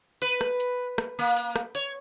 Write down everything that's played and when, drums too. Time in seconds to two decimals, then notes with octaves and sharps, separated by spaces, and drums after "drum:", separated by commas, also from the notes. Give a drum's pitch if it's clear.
0.22 B4, drum: hi-hat
0.41 drum: rim click
0.60 drum: hi-hat
0.98 drum: rim click
1.19 A#3
1.36 drum: hi-hat
1.56 drum: rim click
1.75 C#5, drum: hi-hat